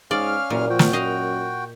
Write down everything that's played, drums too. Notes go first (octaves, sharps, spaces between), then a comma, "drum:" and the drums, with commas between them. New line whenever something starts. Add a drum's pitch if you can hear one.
G#2 C#4 D5 F5 F6
F#1 A#2
F3 F#4 G5
drum: snare
F#2 D#5 F5